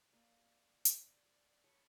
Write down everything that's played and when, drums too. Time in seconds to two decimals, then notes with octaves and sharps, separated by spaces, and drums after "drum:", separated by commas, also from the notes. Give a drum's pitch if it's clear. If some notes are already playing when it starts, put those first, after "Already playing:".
0.13 A#3 D5
0.85 drum: hi-hat
1.64 A4 C#5 B5